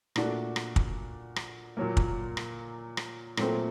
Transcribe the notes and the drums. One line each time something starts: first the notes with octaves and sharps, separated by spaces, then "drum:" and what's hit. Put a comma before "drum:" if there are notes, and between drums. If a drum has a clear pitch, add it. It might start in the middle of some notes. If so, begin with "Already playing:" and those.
A#2 A3 D4 F#4, drum: rim click
drum: rim click
drum: kick
drum: rim click
A#2 F#3 A#3
drum: kick
drum: rim click
drum: rim click
A#2 F#3 A3 C4, drum: rim click